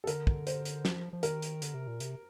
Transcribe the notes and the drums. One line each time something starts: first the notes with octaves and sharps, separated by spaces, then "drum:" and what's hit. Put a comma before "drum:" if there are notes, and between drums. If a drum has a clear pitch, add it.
A4
D3 A#4, drum: hi-hat
drum: kick
C5, drum: hi-hat
drum: hi-hat
F3, drum: snare
F3
D#3 A#4, drum: hi-hat
drum: hi-hat
D3, drum: hi-hat
C3
A#2
C3, drum: hi-hat